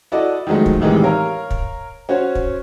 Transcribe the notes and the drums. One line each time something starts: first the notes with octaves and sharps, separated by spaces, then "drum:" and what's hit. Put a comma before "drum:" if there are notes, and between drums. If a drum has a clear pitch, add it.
E4 F#4 A4 D5 D#5
D#3 F3 F#3 G#3 A3
drum: kick
A2 C3 D#3 E3 G3 G#3
A#4 C#5 F5
drum: kick
C#4 F#4 C5 C#5
drum: kick